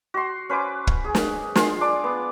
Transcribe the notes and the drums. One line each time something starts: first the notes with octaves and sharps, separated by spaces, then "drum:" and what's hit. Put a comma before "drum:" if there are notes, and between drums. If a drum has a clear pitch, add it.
F#4 C6
C#4 B4 C5 D6
drum: kick
G#4
drum: snare
F4 G#5 C6, drum: snare
D4 D6
B3